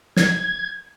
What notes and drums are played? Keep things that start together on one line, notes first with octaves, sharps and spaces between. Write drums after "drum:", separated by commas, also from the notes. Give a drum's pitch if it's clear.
G#6, drum: snare